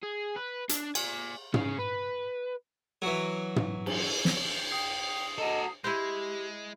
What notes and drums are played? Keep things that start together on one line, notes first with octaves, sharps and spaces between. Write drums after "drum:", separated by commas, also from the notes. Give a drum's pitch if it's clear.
G#4
B4
D4, drum: hi-hat
D5 G#5, drum: cymbal
C#4 G#4, drum: tom
B4
E3 F#3
drum: tom
drum: cymbal
drum: snare
G5 D#6 C7
F#4 A4 D#5 A#5
G#3 E4 G4 C5